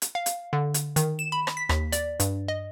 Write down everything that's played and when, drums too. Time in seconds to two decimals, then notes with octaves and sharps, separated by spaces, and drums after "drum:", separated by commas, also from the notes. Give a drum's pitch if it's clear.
0.02 drum: hi-hat
0.15 F5
0.26 drum: hi-hat
0.53 D3
0.74 drum: hi-hat
0.96 D#3, drum: hi-hat
1.19 E7
1.32 B5
1.47 drum: rim click
1.57 B6
1.69 D#2, drum: rim click
1.92 D5, drum: hi-hat
2.20 G2, drum: hi-hat
2.48 D#5